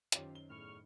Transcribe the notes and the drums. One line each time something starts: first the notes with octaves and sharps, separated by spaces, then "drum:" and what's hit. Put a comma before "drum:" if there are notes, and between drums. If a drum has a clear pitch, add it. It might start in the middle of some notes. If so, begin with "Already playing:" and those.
F#2 D#3 C#4 D#4 F4 G4 C5 C#5, drum: hi-hat
G7
E2 A2 C#6 F6